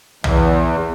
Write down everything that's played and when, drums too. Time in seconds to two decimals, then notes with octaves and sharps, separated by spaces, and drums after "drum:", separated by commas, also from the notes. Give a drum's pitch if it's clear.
0.24 E2, drum: tom B1